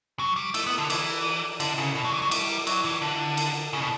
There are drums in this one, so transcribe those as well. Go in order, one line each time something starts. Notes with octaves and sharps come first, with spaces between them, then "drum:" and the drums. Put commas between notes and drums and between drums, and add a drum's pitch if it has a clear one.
F#3
G3
A3, drum: cymbal
B3
D3
E3, drum: cymbal
D3, drum: cymbal
C#3
B2
F#3
E3
F#3
G3, drum: cymbal
F#3, drum: cymbal
E3
D3
drum: cymbal
C#3
B2